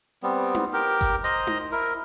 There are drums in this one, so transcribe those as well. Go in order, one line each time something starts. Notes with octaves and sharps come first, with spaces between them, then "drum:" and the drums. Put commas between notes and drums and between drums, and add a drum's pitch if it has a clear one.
G3 B3 C4
drum: tom D#4
G4 A#4
drum: kick G1, hi-hat
C5 D#5 A#5, drum: hi-hat
drum: tom D#4
E4 A#4